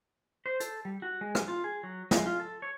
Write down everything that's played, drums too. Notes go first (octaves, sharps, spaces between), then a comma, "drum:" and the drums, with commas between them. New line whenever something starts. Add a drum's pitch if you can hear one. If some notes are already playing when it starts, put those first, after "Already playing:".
C5
A4, drum: hi-hat
G3
F#4
G#3
drum: rim click
F4
G#4
F#3
G#3, drum: snare
F4
A4
C#5